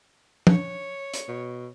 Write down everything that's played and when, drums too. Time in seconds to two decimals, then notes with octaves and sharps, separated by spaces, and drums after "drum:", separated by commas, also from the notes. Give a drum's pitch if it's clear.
0.47 C#5, drum: tom F3
1.14 drum: hi-hat
1.28 B2